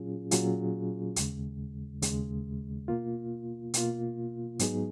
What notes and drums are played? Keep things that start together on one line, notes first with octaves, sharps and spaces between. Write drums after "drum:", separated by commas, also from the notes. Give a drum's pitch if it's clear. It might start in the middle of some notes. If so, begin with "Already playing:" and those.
Already playing: A#2 F#3 C#4 F4 G#4
A#2 F#3 C#4 F4 G#4, drum: hi-hat
D#2 C#3 G#3, drum: hi-hat
D#2 C#3 G#3, drum: hi-hat
B2 A#3 F4
B2 A#3 F4, drum: hi-hat
G#2 F#3 B3 D#4 G#4, drum: hi-hat